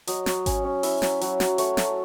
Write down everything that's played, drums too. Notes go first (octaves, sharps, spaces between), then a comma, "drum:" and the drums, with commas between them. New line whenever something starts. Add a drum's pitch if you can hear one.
F#3 D#5, drum: hi-hat
F#3, drum: snare
C#4, drum: kick G#1, hi-hat
C#4
E4 E5, drum: open hi-hat
F#3, drum: snare
F#3, drum: hi-hat
F#3, drum: snare
A3 C#5, drum: hi-hat
A3, drum: snare